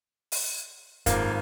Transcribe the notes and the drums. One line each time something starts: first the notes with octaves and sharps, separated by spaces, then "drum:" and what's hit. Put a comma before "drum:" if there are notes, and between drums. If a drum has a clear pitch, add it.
drum: open hi-hat
G#1 A#3 F4, drum: kick, hi-hat